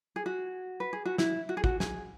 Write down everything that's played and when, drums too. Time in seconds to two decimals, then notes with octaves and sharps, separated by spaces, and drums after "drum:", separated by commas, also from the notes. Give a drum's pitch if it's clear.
0.16 G#4
0.26 F#4
0.80 B4
0.93 G#4
1.05 F#4
1.18 E4, drum: snare
1.49 F#4
1.57 G#4
1.64 F#4, drum: kick
1.80 G#4, drum: snare